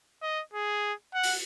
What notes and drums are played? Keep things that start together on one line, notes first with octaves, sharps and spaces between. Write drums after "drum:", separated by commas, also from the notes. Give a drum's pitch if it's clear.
D#5
G#4
F#5
drum: open hi-hat